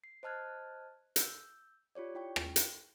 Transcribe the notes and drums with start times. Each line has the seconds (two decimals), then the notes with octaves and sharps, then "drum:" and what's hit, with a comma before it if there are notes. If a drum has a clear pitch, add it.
0.04 C7
0.23 C5 D#5 A5 F6 F#6 G#6
1.16 E6 G6, drum: hi-hat
1.95 F4 G4 C#5 D5
2.14 E4 F4 G5 C#6
2.36 drum: rim click
2.56 drum: hi-hat